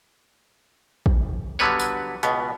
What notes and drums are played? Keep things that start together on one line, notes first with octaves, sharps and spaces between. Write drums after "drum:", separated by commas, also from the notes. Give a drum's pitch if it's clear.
drum: kick
D3 F#3 G3 B3 B4 C#5
drum: tambourine
C#2 B2 B3, drum: hi-hat